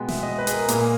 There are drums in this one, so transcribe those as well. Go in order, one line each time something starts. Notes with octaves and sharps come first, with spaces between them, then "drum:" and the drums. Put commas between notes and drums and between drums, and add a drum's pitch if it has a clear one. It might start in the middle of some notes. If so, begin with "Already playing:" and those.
Already playing: B2 G#3 B3 G5
E5, drum: snare
D#5
B4
G#4, drum: hi-hat
A#4
A#2 A#3 G#4, drum: hi-hat